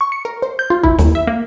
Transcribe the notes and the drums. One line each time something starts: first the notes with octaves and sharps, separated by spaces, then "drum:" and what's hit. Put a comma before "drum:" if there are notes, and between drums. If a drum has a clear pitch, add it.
C#6
C#7
A#4
C5
G6
F4
E4, drum: kick
D#2, drum: snare
E5
A#3